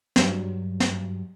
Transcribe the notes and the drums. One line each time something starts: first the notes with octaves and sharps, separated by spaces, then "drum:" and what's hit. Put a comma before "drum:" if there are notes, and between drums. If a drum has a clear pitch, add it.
G2 F#3, drum: snare
drum: snare